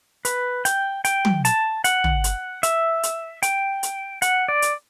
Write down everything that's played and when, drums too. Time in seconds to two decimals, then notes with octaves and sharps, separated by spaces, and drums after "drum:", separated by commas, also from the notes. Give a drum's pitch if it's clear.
0.25 B4, drum: hi-hat
0.65 G5, drum: hi-hat
1.05 G5, drum: hi-hat
1.25 drum: tom
1.45 A5, drum: hi-hat
1.84 F#5, drum: hi-hat
2.04 drum: tom
2.24 drum: hi-hat
2.63 E5, drum: hi-hat
3.03 drum: hi-hat
3.43 G5, drum: hi-hat
3.83 drum: hi-hat
4.22 F#5, drum: hi-hat
4.49 D5
4.62 drum: hi-hat